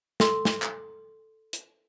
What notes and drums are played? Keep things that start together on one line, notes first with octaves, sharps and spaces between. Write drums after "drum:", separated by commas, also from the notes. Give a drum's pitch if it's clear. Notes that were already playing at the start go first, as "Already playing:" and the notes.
A4 C6, drum: snare
drum: snare
drum: clap
drum: hi-hat